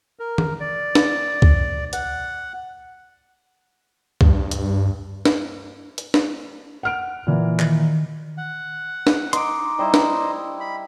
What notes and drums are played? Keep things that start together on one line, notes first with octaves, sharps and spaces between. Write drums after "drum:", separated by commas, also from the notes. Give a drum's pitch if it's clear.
A#4
drum: tom D#3
D5
drum: snare
drum: kick
F#5, drum: hi-hat
G2, drum: kick
drum: hi-hat
drum: snare
drum: hi-hat
drum: snare
F#5 F6 D7
A#2 E3
D#3, drum: clap
F#5
drum: snare
D#4 C6 D6, drum: hi-hat
G3 D#4 E4 C5
drum: snare
B5